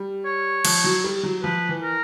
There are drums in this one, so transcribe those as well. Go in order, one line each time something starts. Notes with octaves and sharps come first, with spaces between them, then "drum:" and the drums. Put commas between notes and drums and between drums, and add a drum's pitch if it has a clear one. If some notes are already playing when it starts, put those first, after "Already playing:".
Already playing: G3
C#5
F3, drum: cymbal
F#3
G3
F#3
F3 B4
E3
A#4